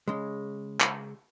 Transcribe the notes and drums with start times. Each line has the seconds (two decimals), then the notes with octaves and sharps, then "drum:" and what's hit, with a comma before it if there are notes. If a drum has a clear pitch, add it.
0.08 C#3 G#3
0.80 drum: clap